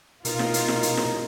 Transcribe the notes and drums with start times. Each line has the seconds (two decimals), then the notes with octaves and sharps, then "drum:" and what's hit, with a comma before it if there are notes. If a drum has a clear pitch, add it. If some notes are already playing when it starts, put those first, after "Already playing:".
0.25 B2 D#4 F4 A#4, drum: hi-hat
0.39 drum: snare
0.54 drum: hi-hat
0.68 drum: snare
0.83 drum: hi-hat
0.97 drum: snare